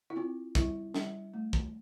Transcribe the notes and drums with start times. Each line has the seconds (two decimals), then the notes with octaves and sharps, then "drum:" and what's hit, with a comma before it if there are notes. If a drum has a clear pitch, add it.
0.10 E4
0.16 C4 F4
0.55 G3 E4, drum: kick, hi-hat
0.94 G3, drum: snare
1.34 A3
1.53 drum: kick